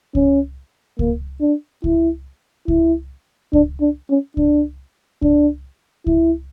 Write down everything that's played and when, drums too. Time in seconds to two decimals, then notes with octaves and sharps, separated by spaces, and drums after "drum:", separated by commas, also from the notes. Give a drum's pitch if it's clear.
0.15 C#4, drum: kick C#2
0.99 A#3, drum: kick C#2
1.41 D4
1.84 E4, drum: kick C#2
2.68 E4, drum: kick C#2
3.53 D4, drum: kick C#2
3.81 D4
4.09 C#4
4.37 D4, drum: kick C#2
5.22 D4, drum: kick C#2
6.07 E4, drum: kick C#2